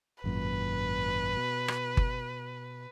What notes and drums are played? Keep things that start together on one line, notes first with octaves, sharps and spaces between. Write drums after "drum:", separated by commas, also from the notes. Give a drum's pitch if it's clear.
G#1 F#2 A#2 B4
B2
drum: rim click
drum: kick G1